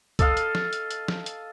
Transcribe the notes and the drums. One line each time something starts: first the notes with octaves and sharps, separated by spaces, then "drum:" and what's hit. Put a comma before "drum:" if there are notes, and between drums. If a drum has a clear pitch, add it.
A4 D#5 F5, drum: kick, hi-hat
drum: hi-hat
drum: snare
drum: hi-hat
drum: hi-hat
drum: snare
drum: hi-hat